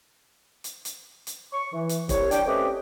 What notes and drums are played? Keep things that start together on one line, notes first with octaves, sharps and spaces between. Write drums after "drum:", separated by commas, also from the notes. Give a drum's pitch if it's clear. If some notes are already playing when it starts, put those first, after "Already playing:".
drum: hi-hat
drum: hi-hat
drum: hi-hat
C#6
E3
drum: hi-hat
C2 C#5, drum: kick, hi-hat
D4 G5, drum: hi-hat
A3 C4 C#4 G4 B4 D#5